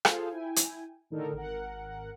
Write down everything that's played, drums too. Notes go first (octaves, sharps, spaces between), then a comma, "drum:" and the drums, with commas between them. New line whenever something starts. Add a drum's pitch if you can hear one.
F4 G#4 A4 C5 F5, drum: rim click
E4 G5 G#5
drum: hi-hat
A2 D3 D#3 D#4 A4 A#4
G#1 A#4 F#5